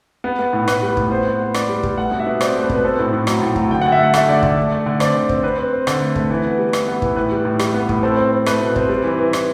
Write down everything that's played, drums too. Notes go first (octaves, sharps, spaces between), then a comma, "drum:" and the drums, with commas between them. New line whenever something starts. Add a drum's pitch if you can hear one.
B3
B3
A2
A2 B4, drum: rim click
G3
B4
A2, drum: kick
B3 C5
B3
B3
B3 D5, drum: rim click
G3
G3, drum: kick
A3 F#5
B2
E5
B2
C4 D5, drum: rim click
A3
B4
B2, drum: kick
B4
C4 A4
A2
A2
F#3, drum: rim click
A2
F#3, drum: kick
D3 G5
F#5
D3
E5
A3 F#5
A3 E5, drum: rim click
D3 D5
D3 D5, drum: kick
A3
A3
D3
C4 D5, drum: rim click
D3
C4, drum: kick
C4 B4
C4
C4
D3, drum: rim click
A3
A3, drum: kick
E3
B3
G3
E3, drum: rim click
B3
E3, drum: kick
A2 B4
G3
A2
G3, drum: rim click
B3
A2, drum: kick
C4 A4
C4
C4
A3 B4, drum: rim click
B2
C4, drum: kick
G3
E3
E3
E3, drum: rim click